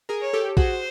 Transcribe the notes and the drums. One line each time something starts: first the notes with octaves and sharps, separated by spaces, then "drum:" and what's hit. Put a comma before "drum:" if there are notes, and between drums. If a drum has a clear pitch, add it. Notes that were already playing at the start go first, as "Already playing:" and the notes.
G#4 A#4
C#5
G4 A4
F#4 G#4 C5, drum: kick